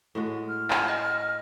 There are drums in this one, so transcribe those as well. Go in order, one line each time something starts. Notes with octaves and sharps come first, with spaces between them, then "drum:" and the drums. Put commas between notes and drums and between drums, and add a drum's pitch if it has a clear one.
A2 G#3 F#4
F6
drum: clap
D#5